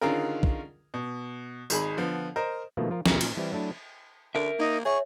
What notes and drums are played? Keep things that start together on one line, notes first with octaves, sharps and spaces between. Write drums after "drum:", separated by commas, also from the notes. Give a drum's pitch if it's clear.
D3 D#3 C#4 F4 G#4 A#4
drum: kick
B2
G#1 D#3 G#4 B5, drum: tambourine
D3 F3 B3
A#4 C5 D#5
B2 D#3 F3 A3 A#3
F3 F4 A#4
B1 E2 D3 G#3 A#3 A#4, drum: snare
A#2, drum: cymbal
E3 G3 C4 E4
F#3 A3 D4 E4
D3 A#4 E5
A#3 D#4
G#4 C#5 E5 C#6